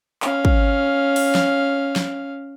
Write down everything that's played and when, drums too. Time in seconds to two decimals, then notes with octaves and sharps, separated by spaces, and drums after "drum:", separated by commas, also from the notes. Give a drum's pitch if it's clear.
0.22 C#4 F5, drum: clap
0.45 drum: kick
1.16 drum: open hi-hat
1.35 drum: snare
1.96 drum: snare